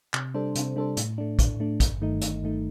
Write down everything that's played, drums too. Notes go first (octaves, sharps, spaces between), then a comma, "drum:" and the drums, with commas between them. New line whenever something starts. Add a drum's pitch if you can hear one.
C3, drum: clap
G3 D4 A4 C5
C3, drum: hi-hat
G3 D4 A4 C5
A2, drum: hi-hat
A3 D4
A2, drum: kick, hi-hat
A3 D4
G1, drum: kick, hi-hat
G2 D#3 A3 D#4
G1, drum: hi-hat
G2 D#3 A3 D#4